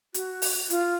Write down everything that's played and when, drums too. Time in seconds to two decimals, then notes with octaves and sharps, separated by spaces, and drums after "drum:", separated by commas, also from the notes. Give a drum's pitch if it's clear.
0.14 F#4, drum: hi-hat
0.42 drum: open hi-hat
0.70 F4, drum: hi-hat